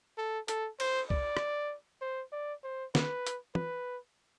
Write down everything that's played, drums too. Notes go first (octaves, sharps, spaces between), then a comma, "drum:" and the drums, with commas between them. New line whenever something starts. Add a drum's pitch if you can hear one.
A4
A4, drum: hi-hat
C5, drum: cymbal
D5, drum: kick
drum: rim click
C5
D5
C5
B4, drum: snare
drum: hi-hat
B4, drum: tom